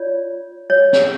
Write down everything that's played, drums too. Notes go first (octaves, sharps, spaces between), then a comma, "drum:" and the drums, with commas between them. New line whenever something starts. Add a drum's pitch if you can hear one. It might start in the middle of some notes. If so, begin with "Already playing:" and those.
Already playing: F4 C#5 D5
C#5
drum: snare